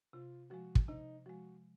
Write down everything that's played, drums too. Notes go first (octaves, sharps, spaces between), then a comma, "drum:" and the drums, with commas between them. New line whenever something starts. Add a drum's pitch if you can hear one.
C3 F4
F3 G#3 F#4
drum: kick
C3 D#4
F3 G#3 F#4